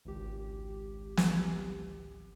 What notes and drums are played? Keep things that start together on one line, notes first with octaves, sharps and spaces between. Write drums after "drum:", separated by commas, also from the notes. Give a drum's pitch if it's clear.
G#1 C#2 G4
drum: snare